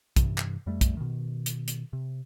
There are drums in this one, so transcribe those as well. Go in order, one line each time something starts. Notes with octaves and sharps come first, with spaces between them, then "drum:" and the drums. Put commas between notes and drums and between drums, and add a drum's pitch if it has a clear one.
G2 C3 E3, drum: kick, hi-hat
drum: clap
F2 G3 A3
drum: kick, hi-hat
B2 D#3
drum: hi-hat
drum: hi-hat
C3